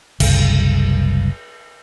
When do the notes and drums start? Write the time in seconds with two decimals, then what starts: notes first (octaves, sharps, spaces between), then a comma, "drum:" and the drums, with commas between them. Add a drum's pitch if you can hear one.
0.20 F#1 C2, drum: cymbal